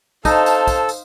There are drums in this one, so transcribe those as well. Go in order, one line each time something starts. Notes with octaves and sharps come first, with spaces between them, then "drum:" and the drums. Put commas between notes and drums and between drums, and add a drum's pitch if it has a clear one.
D#4 A4 C5 F5 A5, drum: kick, tambourine
drum: tambourine
drum: kick, tambourine
drum: tambourine